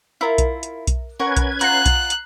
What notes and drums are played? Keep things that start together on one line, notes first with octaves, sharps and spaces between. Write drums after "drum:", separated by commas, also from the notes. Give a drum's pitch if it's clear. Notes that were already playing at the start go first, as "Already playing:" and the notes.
E4 F4 A#4 E5
drum: kick B1, hi-hat
drum: hi-hat
drum: kick B1, hi-hat
C#4 A#4 B4 F#5 C#6 G#6
drum: kick B1, hi-hat
F4 F#5 A#5 F#6 C7, drum: hi-hat
drum: kick B1, hi-hat
drum: hi-hat